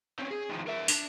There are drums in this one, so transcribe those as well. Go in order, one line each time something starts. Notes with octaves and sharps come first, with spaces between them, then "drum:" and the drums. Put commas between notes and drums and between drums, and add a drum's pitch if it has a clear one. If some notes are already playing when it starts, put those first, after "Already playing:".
C4 C#4
G#4
D#3 F3
A#4 E5
D4, drum: open hi-hat